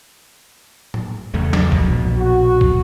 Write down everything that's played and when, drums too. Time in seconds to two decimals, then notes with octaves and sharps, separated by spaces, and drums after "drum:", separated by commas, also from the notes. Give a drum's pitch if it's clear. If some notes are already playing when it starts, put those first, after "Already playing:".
0.94 drum: tom A2
1.34 E2 C#3 A3
1.53 drum: snare
1.72 A#1 B2, drum: kick
2.17 F#4
2.61 drum: kick